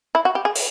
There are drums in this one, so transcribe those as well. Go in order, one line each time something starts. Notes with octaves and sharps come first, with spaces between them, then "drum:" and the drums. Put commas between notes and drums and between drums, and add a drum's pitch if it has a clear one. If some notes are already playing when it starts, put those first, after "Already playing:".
E4
F#4
G4
G#4
drum: open hi-hat